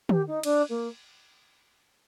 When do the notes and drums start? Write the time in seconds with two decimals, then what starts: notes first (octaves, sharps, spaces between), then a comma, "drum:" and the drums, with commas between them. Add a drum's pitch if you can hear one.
0.09 G4, drum: tom
0.27 D#4
0.43 D4, drum: cymbal
0.69 A#3